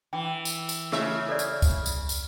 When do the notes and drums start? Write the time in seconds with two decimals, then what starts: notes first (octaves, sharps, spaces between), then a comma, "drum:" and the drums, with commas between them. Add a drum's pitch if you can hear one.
0.13 E3 G5
0.45 drum: tambourine
0.69 drum: tambourine
0.92 C#3 E5, drum: rim click
1.29 A4 D5
1.39 drum: tambourine
1.62 drum: kick C#2, tambourine
1.86 drum: tambourine
2.09 drum: tambourine